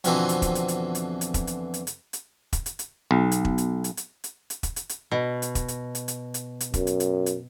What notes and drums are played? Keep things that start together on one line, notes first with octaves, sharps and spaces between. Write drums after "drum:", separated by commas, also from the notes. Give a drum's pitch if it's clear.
F2 B2 D3 E3 C4 D#4, drum: hi-hat
drum: hi-hat
drum: kick E1, hi-hat
drum: hi-hat
drum: hi-hat
drum: hi-hat
drum: hi-hat
drum: kick E1, hi-hat
drum: hi-hat
drum: hi-hat
drum: hi-hat
drum: hi-hat
drum: kick E1, hi-hat
drum: hi-hat
drum: hi-hat
B1
drum: hi-hat
drum: kick E1
drum: hi-hat
drum: hi-hat
drum: hi-hat
drum: hi-hat
drum: hi-hat
drum: kick E1, hi-hat
drum: hi-hat
drum: hi-hat
B2
drum: hi-hat
drum: kick E1, hi-hat
drum: hi-hat
drum: hi-hat
drum: hi-hat
drum: hi-hat
drum: hi-hat
F#2, drum: kick E1, hi-hat
drum: hi-hat
drum: hi-hat
drum: hi-hat